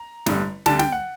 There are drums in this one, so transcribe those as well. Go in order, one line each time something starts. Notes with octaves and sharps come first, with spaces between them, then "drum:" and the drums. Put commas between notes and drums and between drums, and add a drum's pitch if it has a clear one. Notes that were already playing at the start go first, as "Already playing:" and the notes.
Already playing: A#5
A1 G2 D3 G3, drum: snare
D2 D3 G3 A5, drum: snare
G5, drum: snare
F#5